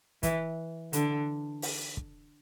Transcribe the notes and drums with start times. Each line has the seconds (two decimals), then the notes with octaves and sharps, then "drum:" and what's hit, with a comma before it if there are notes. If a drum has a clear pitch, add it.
0.23 E3, drum: kick, hi-hat
0.93 D3, drum: hi-hat
1.62 drum: open hi-hat
1.97 drum: kick